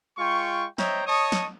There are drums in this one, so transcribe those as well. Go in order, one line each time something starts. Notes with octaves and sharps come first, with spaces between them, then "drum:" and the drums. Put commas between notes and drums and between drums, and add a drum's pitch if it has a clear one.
G#3 F4 G5 C#6
C5 C#5 D#5 E5 G5 A#5, drum: snare
C#5 D#5 A5 C#6 D#6
drum: snare